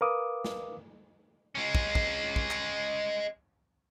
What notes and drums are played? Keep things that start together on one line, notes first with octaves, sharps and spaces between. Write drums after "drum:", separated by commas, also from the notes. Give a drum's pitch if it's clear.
A#4 B4 F5 D6 D#6
drum: snare
G#3 C#4
drum: kick
drum: kick
drum: kick
drum: clap